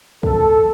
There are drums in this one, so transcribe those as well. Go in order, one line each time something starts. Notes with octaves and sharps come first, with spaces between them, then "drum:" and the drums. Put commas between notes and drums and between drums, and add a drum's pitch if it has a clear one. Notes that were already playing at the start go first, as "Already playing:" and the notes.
A4, drum: kick